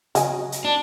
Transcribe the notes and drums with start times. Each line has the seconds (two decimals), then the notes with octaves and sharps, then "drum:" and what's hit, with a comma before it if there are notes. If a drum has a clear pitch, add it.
0.15 C#3 F#3 F#4 D#5 G#5, drum: hi-hat
0.52 drum: hi-hat
0.65 D4